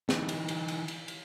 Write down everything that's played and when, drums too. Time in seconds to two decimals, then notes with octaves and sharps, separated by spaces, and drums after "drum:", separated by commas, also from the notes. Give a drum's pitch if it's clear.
0.09 E3 D#4, drum: snare
0.29 drum: cymbal
0.48 drum: cymbal
0.68 drum: cymbal
0.88 drum: cymbal
1.08 drum: cymbal